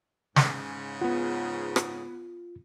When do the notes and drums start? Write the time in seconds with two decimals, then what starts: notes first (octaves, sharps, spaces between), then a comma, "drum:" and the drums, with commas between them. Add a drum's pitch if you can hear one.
0.36 G#2 C#3, drum: snare
1.01 B3 F4 F#5
1.76 drum: rim click